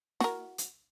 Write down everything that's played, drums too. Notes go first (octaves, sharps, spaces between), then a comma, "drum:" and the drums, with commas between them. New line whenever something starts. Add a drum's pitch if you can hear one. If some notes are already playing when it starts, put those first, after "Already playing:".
F#4 A#4, drum: snare
drum: hi-hat